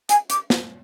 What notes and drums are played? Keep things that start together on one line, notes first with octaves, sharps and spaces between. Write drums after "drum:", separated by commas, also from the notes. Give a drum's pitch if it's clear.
G#5, drum: hi-hat
D6, drum: hi-hat
drum: snare